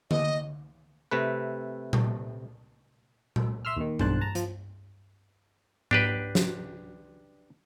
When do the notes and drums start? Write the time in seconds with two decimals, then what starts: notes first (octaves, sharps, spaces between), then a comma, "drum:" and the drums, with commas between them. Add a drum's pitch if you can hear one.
0.11 D#5, drum: tom D3
1.11 C3 A3 B4
1.93 drum: tom A#2
3.36 drum: tom A#2
3.65 E5 C6 E6 F6
3.77 D#2 D#3
3.99 B1 G2 D3 C5 A5 F#6, drum: tom G2
4.21 A5 A#5
4.35 F3, drum: hi-hat
5.91 D4 G4 B4, drum: tom G#2
6.35 drum: snare